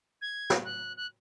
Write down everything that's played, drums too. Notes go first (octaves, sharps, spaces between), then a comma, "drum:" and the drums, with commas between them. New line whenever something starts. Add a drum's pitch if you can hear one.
G#6
drum: snare
F#6
F#6